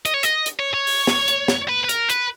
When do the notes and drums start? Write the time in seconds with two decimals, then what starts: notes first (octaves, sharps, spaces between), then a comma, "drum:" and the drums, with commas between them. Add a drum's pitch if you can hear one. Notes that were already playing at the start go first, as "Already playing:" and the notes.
0.05 D#5, drum: hi-hat
0.14 C#5
0.23 D#5, drum: hi-hat
0.46 drum: hi-hat
0.59 C#5
0.74 C#5
0.87 drum: open hi-hat
1.07 drum: snare
1.28 drum: hi-hat
1.48 drum: snare
1.69 B4
1.84 B4
1.89 A#4, drum: hi-hat
2.10 B4, drum: hi-hat